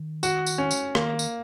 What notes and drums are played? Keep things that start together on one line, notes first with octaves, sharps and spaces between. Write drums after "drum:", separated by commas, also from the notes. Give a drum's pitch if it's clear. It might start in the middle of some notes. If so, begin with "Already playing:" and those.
Already playing: D#3
F#4, drum: tambourine
drum: tambourine
C#4
drum: tambourine
D#3 A#3, drum: rim click
drum: tambourine